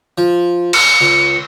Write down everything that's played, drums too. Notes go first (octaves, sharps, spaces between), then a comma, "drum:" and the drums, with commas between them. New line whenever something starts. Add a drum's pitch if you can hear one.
F3
C#7, drum: cymbal
C#2